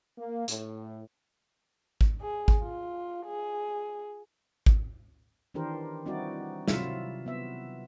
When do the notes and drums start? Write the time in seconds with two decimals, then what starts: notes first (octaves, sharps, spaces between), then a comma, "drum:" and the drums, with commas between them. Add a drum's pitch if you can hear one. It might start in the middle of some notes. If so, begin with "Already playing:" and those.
0.18 A#3
0.48 A2, drum: hi-hat
2.01 drum: kick G#1
2.21 G#4
2.48 drum: kick G#1
2.62 F4
3.26 G#4
4.66 drum: kick G#1
5.54 D#3 E3 D4 G4 A#4 C5
6.06 G3 C4 D#4 E4 F#4 D5
6.68 C3 F#3 E4 F4 E5 F5, drum: snare
7.26 B3 E5